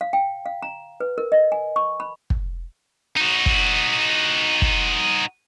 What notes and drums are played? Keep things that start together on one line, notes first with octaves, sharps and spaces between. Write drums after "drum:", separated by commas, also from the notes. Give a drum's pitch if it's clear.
F5
G5
F5
A#5
B4
A#4
D#5
G#5
C#6
B5
drum: kick
D#4 F#4
drum: kick
drum: kick